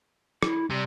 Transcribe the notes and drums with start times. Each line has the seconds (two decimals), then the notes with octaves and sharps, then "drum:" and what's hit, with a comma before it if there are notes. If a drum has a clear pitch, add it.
0.43 E4, drum: rim click
0.70 C3 G3